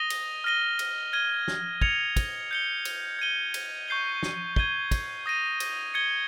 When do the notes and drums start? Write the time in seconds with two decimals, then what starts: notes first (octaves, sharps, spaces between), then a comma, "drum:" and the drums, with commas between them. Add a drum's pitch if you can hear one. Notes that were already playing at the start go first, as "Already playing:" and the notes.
Already playing: D#6 A#6 D#7 G7
0.10 drum: cymbal
0.44 F6 A#6 D#7 G7
0.79 drum: cymbal
1.13 F6 G#6 D#7 G7
1.48 drum: snare
1.81 G#6 C#7 F7, drum: kick
2.16 drum: kick, cymbal
2.51 G6 C#7 G7
2.85 drum: cymbal
3.19 G#6 D#7 G7
3.54 drum: cymbal
3.88 C#6 G6 C7 G7
4.23 drum: snare
4.56 G#6 D#7 G7, drum: kick
4.91 drum: kick, cymbal
5.26 D#6 A#6 D#7
5.60 drum: cymbal
5.94 G#6 C#7 G7